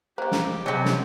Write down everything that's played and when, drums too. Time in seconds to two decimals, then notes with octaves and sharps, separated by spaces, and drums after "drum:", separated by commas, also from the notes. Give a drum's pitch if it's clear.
0.18 D#3 A#3 G4 C5
0.32 drum: snare
0.66 C3 F#3 B3 C#4 G#4 B4 C#5 D#5
0.85 drum: snare